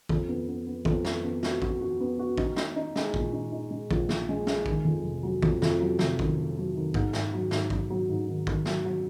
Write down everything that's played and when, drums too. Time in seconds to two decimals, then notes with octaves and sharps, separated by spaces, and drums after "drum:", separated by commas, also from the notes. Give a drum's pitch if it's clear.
0.09 F2, drum: kick
0.29 B3
0.48 B3
0.67 B3
0.85 F2, drum: kick
1.05 B3, drum: snare
1.24 B3
1.43 F#4, drum: snare
1.62 F#4, drum: kick
1.81 F#4
2.00 B3
2.19 F#4
2.38 D#4, drum: kick
2.56 D#4, drum: snare
2.76 D#4
2.96 G#3, drum: snare
3.14 A#2, drum: kick
3.33 D#4
3.52 D#4
3.71 G#3
3.91 A#1, drum: kick
4.09 A#1, drum: snare
4.29 G#3
4.47 G#3, drum: snare
4.66 D#3, drum: kick
4.85 F2
5.04 F1
5.23 F#3
5.42 F2, drum: kick
5.62 F2, drum: snare
5.80 F#3
5.99 F1, drum: snare
6.19 D#3, drum: kick
6.38 D#3
6.57 F#3
6.75 D#3
6.94 G#2, drum: kick
7.13 G#2, drum: snare
7.33 F#3
7.51 G#2, drum: snare
7.70 F#3, drum: kick
7.90 F#3
8.09 G#2
8.28 D#3
8.47 D#3, drum: kick
8.66 F#3, drum: snare
8.85 F#3